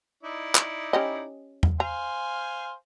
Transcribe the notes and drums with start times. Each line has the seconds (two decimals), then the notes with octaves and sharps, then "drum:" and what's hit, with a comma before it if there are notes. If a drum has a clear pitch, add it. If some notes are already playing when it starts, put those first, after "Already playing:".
0.23 D#4 E4 D5
0.55 drum: clap
0.93 C#4 G4 D#5
1.63 drum: tom E2
1.80 C5 F5 G#5 A#5